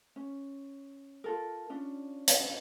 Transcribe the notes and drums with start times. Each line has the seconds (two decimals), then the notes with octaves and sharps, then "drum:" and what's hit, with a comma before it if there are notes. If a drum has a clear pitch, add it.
0.16 C#4
1.24 F4 A4 A#4
1.69 C#4 D4 F4
2.28 drum: hi-hat